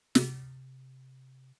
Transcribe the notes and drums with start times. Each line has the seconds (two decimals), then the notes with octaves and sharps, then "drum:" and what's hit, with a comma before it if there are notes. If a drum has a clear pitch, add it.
0.15 C3, drum: snare